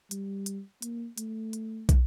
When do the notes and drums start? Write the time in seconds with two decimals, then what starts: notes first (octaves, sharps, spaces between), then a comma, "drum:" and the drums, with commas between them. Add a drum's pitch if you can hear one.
0.11 G3, drum: hi-hat
0.46 drum: hi-hat
0.82 A#3, drum: hi-hat
1.18 A3, drum: hi-hat
1.53 drum: hi-hat
1.89 drum: kick, hi-hat